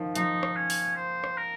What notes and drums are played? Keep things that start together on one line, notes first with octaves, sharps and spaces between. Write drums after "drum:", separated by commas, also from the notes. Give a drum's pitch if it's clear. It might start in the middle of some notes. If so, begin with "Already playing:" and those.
Already playing: D#3 F3
F3 D#4, drum: hi-hat
drum: rim click
C#4
drum: open hi-hat
C5
drum: rim click
A#4